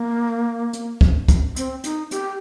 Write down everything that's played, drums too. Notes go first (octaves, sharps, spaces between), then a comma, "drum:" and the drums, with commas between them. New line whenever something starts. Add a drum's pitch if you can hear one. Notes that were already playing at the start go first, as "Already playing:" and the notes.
Already playing: A#3
drum: hi-hat
drum: kick
drum: kick, hi-hat
C4, drum: hi-hat
D#4, drum: hi-hat
G4, drum: hi-hat